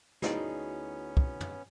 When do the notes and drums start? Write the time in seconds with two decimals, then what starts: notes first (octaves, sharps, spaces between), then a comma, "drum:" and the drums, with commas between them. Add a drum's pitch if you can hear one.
0.22 D2 B3 C#4 D#4 E4 F#4 G#4, drum: snare
1.17 drum: kick
1.40 drum: tom